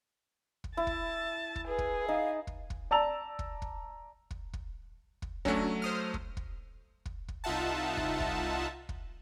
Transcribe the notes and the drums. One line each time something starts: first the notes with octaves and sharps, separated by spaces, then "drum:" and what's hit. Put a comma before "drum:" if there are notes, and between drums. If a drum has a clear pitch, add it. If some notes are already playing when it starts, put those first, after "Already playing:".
drum: kick
E4 A5
drum: kick
drum: kick
G#4 B4
drum: kick
D#4 D#5 F5
drum: kick
drum: kick
D5 A5 A#5 E6 F7
drum: kick
drum: kick
drum: kick
drum: kick
drum: kick
F#3 A3 C#4 D4 F#4, drum: kick
C5 D#6 F6
drum: kick
drum: kick
drum: kick
drum: kick
C2 D#4 F4 E5 F#5 A5
drum: kick
drum: kick
drum: kick